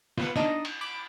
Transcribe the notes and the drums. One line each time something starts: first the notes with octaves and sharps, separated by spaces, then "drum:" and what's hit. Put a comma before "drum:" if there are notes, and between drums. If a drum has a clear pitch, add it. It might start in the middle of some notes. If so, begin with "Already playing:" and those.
F4 B4 F#5, drum: snare
D4 D#4 D#5, drum: snare
drum: cymbal
B5 D6